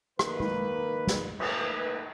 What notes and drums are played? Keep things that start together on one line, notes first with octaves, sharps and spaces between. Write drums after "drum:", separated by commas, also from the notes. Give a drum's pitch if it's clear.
D#3 A#3 B4, drum: rim click
drum: tom
drum: snare
A3 A#3 D#4 B4, drum: cymbal